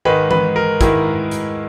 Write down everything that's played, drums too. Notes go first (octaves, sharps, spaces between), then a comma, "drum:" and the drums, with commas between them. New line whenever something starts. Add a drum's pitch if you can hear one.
G#2 D#3 G#3 B4
B4, drum: tom E3
A#4
G#2 D#3 G#3 E4, drum: kick, hi-hat
drum: hi-hat